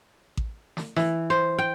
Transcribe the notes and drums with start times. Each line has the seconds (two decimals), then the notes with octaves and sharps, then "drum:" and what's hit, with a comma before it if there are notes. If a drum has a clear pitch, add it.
0.37 drum: kick A1
0.77 drum: snare
0.96 E3, drum: snare
1.30 C5
1.58 G5